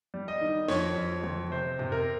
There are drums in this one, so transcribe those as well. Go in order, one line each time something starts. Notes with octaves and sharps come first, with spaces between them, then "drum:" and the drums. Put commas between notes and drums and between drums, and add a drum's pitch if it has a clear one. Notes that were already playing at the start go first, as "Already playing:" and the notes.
G3
D#5
D#3
F2 C#5, drum: snare
F2
F2, drum: tom C#3
C3 C5
C3, drum: tom F2
A#4